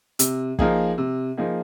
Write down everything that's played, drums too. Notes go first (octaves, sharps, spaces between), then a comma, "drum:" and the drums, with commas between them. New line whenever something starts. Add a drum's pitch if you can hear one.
C3, drum: hi-hat
F3 A#3 D#4 G#4, drum: kick
C3
F3 A#3 D#4 G#4